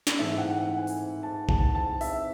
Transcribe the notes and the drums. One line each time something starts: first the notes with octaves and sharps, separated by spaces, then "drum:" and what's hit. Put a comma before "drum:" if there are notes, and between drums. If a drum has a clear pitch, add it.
drum: snare
G#2 E3 A3 E5
F#5
F#5
G#5
drum: open hi-hat
A5
A5, drum: kick A#1
A5
E5, drum: open hi-hat